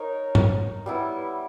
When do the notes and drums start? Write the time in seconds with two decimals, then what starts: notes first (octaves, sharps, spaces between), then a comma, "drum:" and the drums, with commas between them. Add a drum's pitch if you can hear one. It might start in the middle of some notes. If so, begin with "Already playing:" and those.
Already playing: D#4 A#4 C#5
0.35 drum: tom G#2
0.86 G3 B3 E4